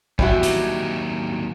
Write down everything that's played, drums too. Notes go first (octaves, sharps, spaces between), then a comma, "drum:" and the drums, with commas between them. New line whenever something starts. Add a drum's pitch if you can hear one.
E2 G3 E4 F#4, drum: kick
D#2 F#3, drum: hi-hat